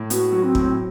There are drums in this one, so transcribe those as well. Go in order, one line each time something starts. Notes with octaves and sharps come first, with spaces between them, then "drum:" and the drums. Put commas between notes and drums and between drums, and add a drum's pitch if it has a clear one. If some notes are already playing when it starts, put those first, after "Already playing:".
Already playing: A2
B3 F#4, drum: hi-hat
F#3
C4
A2, drum: kick